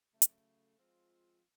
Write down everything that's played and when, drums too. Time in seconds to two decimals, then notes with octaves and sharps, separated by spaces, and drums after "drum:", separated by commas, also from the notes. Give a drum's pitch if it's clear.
0.12 C#3 F#3 A3
0.22 drum: hi-hat
0.76 F3 G#3 C4 F4